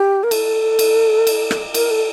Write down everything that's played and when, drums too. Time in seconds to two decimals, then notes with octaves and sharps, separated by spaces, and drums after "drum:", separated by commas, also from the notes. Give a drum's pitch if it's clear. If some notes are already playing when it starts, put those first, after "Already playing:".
Already playing: G4
0.23 A#4
0.31 A4, drum: cymbal
0.79 drum: cymbal
1.27 drum: cymbal
1.51 drum: rim click
1.74 A#4, drum: cymbal
1.90 A4